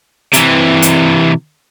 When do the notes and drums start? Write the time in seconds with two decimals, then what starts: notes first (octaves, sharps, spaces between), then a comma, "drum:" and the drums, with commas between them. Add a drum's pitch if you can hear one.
0.33 C3 E3, drum: hi-hat
0.82 drum: hi-hat